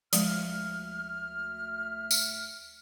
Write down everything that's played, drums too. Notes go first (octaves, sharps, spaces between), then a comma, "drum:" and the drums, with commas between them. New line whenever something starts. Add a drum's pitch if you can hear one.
D2 F3 G#3 E5 F6, drum: hi-hat
drum: tambourine